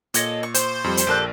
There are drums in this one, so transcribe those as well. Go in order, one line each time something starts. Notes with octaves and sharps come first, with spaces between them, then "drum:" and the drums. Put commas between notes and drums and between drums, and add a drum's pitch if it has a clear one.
A#2 A4 C#5 D#5, drum: hi-hat
C#6
C5, drum: hi-hat
F2 G3
drum: hi-hat
A#1 G4 A4 A#4 D5 F#6